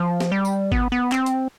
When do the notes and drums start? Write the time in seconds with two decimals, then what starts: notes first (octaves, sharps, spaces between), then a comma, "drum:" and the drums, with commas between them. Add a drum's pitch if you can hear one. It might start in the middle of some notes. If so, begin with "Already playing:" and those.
Already playing: F3
0.20 drum: snare
0.32 G3
0.45 drum: tambourine
0.72 B3, drum: kick G#1
0.92 B3
1.12 C4, drum: clap
1.26 drum: hi-hat